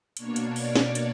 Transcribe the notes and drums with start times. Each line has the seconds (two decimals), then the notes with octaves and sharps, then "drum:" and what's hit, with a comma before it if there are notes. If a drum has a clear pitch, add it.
0.17 B2 A#3 D4 C#5, drum: hi-hat
0.36 drum: hi-hat
0.56 D5, drum: open hi-hat
0.76 drum: snare
0.95 drum: hi-hat